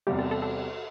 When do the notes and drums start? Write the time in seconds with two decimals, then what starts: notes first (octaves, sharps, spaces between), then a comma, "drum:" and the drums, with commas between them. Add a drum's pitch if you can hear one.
0.07 E2 C3 G3 G4, drum: cymbal
0.19 A4
0.31 A4
0.42 A4